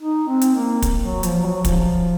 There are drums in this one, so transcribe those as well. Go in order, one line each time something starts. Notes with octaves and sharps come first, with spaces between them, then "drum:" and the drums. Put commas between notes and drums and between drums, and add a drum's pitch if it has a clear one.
D#4
C4
drum: hi-hat
A#3
drum: kick, hi-hat
F#3
F3, drum: hi-hat
F#3
F3, drum: kick, hi-hat